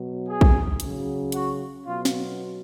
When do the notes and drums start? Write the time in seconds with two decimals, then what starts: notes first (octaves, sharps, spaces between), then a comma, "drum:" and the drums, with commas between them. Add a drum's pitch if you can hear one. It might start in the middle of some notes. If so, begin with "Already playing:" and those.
Already playing: B2 F#3
0.27 G#4
0.41 drum: kick A#1
0.80 C#3 F#3, drum: hi-hat
1.32 F#4, drum: hi-hat
1.85 B2 F#3 F4
2.05 drum: snare